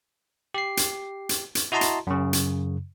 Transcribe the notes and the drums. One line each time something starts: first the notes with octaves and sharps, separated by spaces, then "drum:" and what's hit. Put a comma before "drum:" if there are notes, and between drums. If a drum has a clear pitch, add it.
G4 C7
drum: hi-hat
drum: hi-hat
drum: hi-hat
E4 F#4 D#5 A5 A#5 C6
drum: hi-hat
F#2 C#3
drum: hi-hat